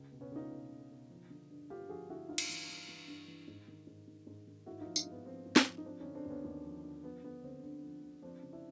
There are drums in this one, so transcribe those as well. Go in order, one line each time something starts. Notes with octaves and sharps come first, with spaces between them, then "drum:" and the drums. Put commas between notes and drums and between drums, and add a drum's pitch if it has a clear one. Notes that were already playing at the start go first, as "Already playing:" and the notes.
Already playing: C#2
B2
B3 C#4
C#2 D#4 F4
B2
C#2
B2
F3
D3
G2
G2 F4 G4
F3 F#4 G#4
D3 E4 F#4
G2 D#4 F4
drum: cymbal
E3
G2
E3
G2
E3
G#2
D#3
G#2
D#3
G#2
D#3
G#2 E4 F#4
F3 D#4 F4
D#4 F4, drum: tambourine
G#2
B3
F3 C4
G#2
C4, drum: snare
F3
D#4
F3 C4 D4
D3 C#4 D#4
C4 D4
D#2 B3 C#4
D#2
F3
D3
F3 B3
D3 B3
D2 C4
D2
F3
D3
F3 C4 D4
C#3
D4 E4